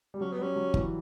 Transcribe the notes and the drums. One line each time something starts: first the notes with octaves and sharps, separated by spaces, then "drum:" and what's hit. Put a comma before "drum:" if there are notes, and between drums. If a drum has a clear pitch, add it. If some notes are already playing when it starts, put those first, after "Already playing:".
G3
F#3 C#4
B3
G3 C#4
F#3
E3, drum: kick G1